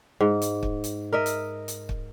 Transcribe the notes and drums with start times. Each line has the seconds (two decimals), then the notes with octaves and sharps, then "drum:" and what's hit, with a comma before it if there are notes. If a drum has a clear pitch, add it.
0.21 G#2
0.42 drum: hi-hat
0.63 drum: kick
0.84 drum: hi-hat
1.13 A#4 D#5 E5
1.26 drum: hi-hat
1.68 drum: hi-hat
1.89 drum: kick